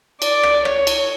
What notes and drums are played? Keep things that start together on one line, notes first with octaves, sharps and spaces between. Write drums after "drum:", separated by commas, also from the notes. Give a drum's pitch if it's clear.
D5, drum: cymbal
drum: rim click
C#5, drum: rim click
drum: cymbal